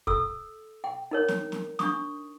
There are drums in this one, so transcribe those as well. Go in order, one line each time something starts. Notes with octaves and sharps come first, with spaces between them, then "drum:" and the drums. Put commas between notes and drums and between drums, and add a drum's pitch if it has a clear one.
A4 E6, drum: kick
G5
D#4 A#4 C#5
drum: snare
drum: snare
D4 C#6 D#6, drum: snare